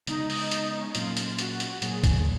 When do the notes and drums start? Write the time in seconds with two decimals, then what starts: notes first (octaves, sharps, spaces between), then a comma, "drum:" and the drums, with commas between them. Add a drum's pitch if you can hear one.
0.07 C#3 G#3 B3 D#4, drum: hi-hat
0.30 drum: open hi-hat
0.51 drum: hi-hat
0.80 C#4
0.87 D#4
0.95 A#2 F#3 A#3 C#4 F4, drum: hi-hat
1.17 drum: hi-hat
1.39 F#4, drum: hi-hat
1.60 drum: hi-hat
1.82 A#2 F#3 A#3 G#4, drum: hi-hat
2.04 drum: kick, hi-hat